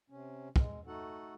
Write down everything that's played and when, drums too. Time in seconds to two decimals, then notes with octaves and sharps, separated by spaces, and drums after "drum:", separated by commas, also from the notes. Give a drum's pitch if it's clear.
0.10 C3 C#4
0.56 G#3, drum: kick
0.87 A3 D#4 F#4 A4 F#5